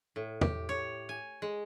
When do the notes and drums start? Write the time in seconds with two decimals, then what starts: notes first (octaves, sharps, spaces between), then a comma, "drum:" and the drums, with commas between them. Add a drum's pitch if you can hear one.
0.16 A2
0.41 G4, drum: tom E2
0.69 C#5
1.09 G#5
1.42 G#3